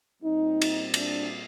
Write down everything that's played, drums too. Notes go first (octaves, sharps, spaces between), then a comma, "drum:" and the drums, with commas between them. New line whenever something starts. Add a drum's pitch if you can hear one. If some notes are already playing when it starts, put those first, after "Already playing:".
A#2 G3 C4 D#4
drum: cymbal
D4, drum: cymbal